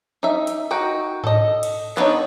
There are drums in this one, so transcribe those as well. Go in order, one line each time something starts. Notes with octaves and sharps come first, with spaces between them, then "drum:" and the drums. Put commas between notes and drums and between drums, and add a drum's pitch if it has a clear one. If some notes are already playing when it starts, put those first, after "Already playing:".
D#4 E5
drum: hi-hat
D#4 F#4 G5
A4 D#5, drum: tom G#2
drum: cymbal
B3 D4 D#4 C#5, drum: clap